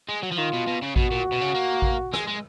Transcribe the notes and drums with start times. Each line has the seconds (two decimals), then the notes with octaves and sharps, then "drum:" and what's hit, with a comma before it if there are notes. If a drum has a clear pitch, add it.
0.09 G#3
0.23 F#3
0.32 F3
0.38 D#3 F4
0.53 B2
0.67 B2
0.82 C#3
0.96 B2 F#4, drum: kick A1
1.11 A#2
1.32 B2
1.41 C#3
1.54 A#3
1.82 drum: kick A1
2.14 G#3, drum: rim click
2.28 G#3